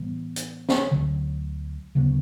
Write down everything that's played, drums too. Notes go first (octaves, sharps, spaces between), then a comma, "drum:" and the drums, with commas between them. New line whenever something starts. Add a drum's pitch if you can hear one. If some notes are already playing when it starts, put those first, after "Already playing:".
Already playing: A2 E3 G3 B3
drum: hi-hat
drum: snare
D2 D3 F#3 A3
D2 C#3 F#3 B3